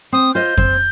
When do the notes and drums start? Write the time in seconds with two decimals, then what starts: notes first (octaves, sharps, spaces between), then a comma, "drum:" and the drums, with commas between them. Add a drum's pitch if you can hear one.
0.12 C4 D#6
0.34 F4 C5 D#5 G6
0.57 C4, drum: kick F2